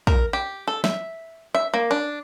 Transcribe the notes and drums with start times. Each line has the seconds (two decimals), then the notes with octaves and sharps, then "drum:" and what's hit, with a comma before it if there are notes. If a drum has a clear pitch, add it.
0.07 A#4, drum: kick
0.33 G4
0.67 A4
0.84 E5, drum: snare
1.55 E5
1.74 A#3
1.91 D4